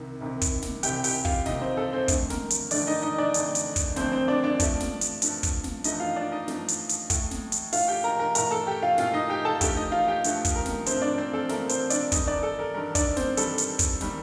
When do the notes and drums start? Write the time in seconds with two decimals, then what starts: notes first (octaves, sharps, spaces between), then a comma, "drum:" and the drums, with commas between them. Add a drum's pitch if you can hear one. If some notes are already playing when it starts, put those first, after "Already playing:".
Already playing: C2 C3 D#3
0.21 C2 C3 D#3
0.41 drum: kick, hi-hat
0.62 drum: snare
0.83 C2 C3 D#3 G4 G5, drum: hi-hat
1.04 G4 G5, drum: open hi-hat
1.25 F4 F5, drum: kick
1.46 C2 C3 D#3 D#4 D#5, drum: snare
1.62 C4 C5
1.77 A4
1.93 C4 C5
2.08 F2 D3 A3, drum: kick, hi-hat
2.30 A#4, drum: snare
2.50 drum: hi-hat
2.71 F2 D3 A3 D4 D5, drum: open hi-hat
2.87 D#4 D#5
3.02 D#4 D#5
3.18 D4 D5
3.34 F2 D3 A3, drum: hi-hat
3.55 drum: hi-hat
3.76 drum: kick, hi-hat
3.96 F2 D3 A3 C4 C5, drum: snare
4.12 C4 C5
4.28 D4 D5
4.44 D4 D5
4.60 G2 F3 A3, drum: kick, hi-hat
4.80 drum: snare
5.01 drum: hi-hat
5.22 G2 F3 A3, drum: hi-hat
5.43 drum: kick, hi-hat
5.64 drum: snare
5.84 G2 F3 A3 D#4 D#5, drum: hi-hat
6.00 F4 F5
6.16 D4 D5
6.31 D#4 D#5
6.48 G2 F3 A3, drum: snare
6.68 drum: hi-hat
6.89 drum: hi-hat
7.10 A2 A3, drum: kick, hi-hat
7.31 drum: snare
7.52 drum: hi-hat
7.73 A2 A3 F4 F5, drum: open hi-hat
7.88 G4 G5
8.04 A#4 A#5
8.19 A#4 A#5
8.35 A2 A3 A#4 A#5, drum: hi-hat
8.51 A4 A5
8.67 G4 G5
8.82 F4 F5
8.98 A2 A3 F4 F5, drum: snare
9.13 D#4 D#5
9.30 G4 G5
9.45 A4 A5
9.61 G2 F3 A3 G4 G5, drum: kick, hi-hat
9.76 D#4 D#5
9.92 F4 F5
10.07 G4 G5
10.24 G2 F3 A3, drum: hi-hat
10.45 drum: kick, hi-hat
10.56 A#4
10.65 drum: snare
10.86 G2 F3 A3 C4 C5, drum: hi-hat
11.01 D4 D5
11.18 C4 C5
11.34 A4
11.49 G2 F3 A3 A#4, drum: snare
11.69 C4 C5, drum: hi-hat
11.90 D4 D5, drum: hi-hat
12.12 G2 D#3 G3 D#4 D#5, drum: kick, hi-hat
12.27 D4 D5
12.43 A4
12.59 A#4
12.75 G2 D#3 G3 A#4
12.95 D4 D5, drum: kick, hi-hat
13.17 C4 C5, drum: snare
13.37 G2 D#3 G3 A4, drum: hi-hat
13.58 drum: hi-hat
13.79 drum: kick, hi-hat
14.01 D#3 G3, drum: snare